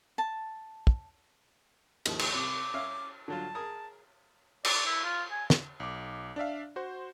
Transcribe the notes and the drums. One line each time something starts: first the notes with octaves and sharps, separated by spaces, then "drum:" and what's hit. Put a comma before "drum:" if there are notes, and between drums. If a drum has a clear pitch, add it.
A5
drum: kick
D#2 D#3 F3, drum: cymbal
drum: cymbal
C3 D6
C#4 E5 F5
D3 F#3 F4 A5
G#4 A#4 D#6
D5, drum: cymbal
E4
F4
G#5
drum: snare
B1 D6
D4 D5 E5 F5
F#4 C5